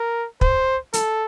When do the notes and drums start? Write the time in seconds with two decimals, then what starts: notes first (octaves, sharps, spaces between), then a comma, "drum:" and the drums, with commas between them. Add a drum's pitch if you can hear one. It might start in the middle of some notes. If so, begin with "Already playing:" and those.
Already playing: A#4
0.41 C5, drum: kick
0.93 A4, drum: hi-hat